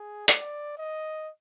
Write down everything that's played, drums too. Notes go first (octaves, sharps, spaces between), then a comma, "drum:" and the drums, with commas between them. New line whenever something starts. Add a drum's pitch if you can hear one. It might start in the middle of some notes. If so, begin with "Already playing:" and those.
Already playing: G#4
D5, drum: hi-hat
D#5